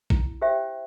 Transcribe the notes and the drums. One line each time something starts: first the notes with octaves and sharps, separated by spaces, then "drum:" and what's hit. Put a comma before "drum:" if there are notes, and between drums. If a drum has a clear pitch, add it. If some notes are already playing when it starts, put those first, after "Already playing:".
E4, drum: kick A#1
G4 C5 E5 G5